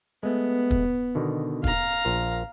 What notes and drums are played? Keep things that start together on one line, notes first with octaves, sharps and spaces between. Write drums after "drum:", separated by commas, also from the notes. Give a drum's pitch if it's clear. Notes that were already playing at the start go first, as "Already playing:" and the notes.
G#3 A3 B3
drum: kick
B2 D3 D#3
F5 A#5, drum: kick
A#1 F4 A#4